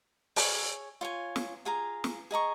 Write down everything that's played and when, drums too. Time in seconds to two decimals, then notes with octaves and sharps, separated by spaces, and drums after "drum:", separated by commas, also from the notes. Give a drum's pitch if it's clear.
0.36 G#4 C#5 G#5, drum: open hi-hat
1.01 F4 C#5 G#5
1.36 drum: snare
1.65 F4 G#4 F5 A#5
2.04 drum: snare
2.31 G#4 D#5 A#5 C#6